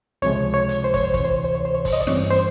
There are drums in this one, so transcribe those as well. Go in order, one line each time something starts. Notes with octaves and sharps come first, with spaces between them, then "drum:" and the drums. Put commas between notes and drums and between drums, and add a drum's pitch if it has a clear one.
C#2 C3 F3 G#3 C#5, drum: hi-hat
C#5
drum: hi-hat
C5
C#5, drum: kick, hi-hat
C5
D2 C3 E3 C#5, drum: kick, hi-hat
C5
C#5
C5
C#5
C5
C#5
C5, drum: kick, open hi-hat
D#5
D5
G2 E3 G3 C4 C#5, drum: snare
C5, drum: hi-hat